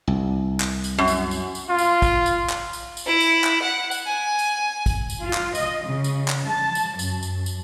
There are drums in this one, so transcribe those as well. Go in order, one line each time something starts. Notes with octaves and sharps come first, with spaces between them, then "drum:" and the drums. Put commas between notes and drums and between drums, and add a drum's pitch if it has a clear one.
C2
drum: clap
drum: tambourine
F#2
drum: tambourine
drum: tambourine
drum: tambourine
F4
drum: tambourine
drum: kick, tambourine
drum: tambourine
drum: clap
drum: tambourine
drum: tambourine
E4
drum: tambourine
drum: clap
F#5
drum: tambourine
G#5
drum: tambourine
drum: kick, tambourine
drum: tambourine
F4
drum: clap
D#5, drum: tambourine
C#3
drum: tambourine
drum: clap
A5
drum: tambourine
F#2, drum: tambourine
drum: tambourine
drum: tambourine